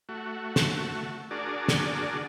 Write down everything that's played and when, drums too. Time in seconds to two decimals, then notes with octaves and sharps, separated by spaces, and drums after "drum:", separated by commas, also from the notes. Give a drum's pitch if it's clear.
0.09 A3 F#4
0.56 drum: snare
1.31 D4 F#4 G#4 A#4 D5
1.68 drum: snare